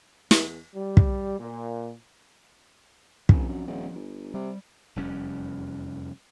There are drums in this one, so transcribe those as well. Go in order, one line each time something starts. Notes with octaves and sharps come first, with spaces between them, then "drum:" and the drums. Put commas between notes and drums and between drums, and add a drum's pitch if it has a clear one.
E2, drum: snare
G3
drum: kick
A#2
A1 F3 C4 D4, drum: kick
F#2
D#1
G1
C3 G3
F1 E2 G3 C#4